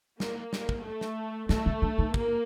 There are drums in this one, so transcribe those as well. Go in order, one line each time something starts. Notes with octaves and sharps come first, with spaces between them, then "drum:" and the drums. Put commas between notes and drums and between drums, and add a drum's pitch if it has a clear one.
A#3, drum: snare
drum: snare
drum: kick
A3
drum: snare
A3 B3, drum: snare
C4
D4
D#4
A#3, drum: kick